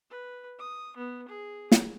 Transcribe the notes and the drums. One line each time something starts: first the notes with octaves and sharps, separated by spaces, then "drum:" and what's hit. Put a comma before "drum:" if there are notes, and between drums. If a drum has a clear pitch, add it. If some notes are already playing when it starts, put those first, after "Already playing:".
B4
D#6
B3
G#4
drum: snare